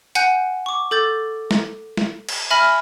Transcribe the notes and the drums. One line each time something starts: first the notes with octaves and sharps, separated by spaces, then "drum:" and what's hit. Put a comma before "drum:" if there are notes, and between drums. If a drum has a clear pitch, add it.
F#5 G#5 F#6 G6, drum: hi-hat
C#6 D6
A4 D6 G6 A6
drum: snare
drum: snare
drum: cymbal
E5 G#5 B5 F6 A#6